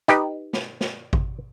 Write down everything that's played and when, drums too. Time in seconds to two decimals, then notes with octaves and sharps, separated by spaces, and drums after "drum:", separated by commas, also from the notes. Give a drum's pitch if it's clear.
0.08 D#4 G4 B4 D#5, drum: hi-hat
0.53 drum: snare
0.81 drum: snare
1.13 drum: kick G#1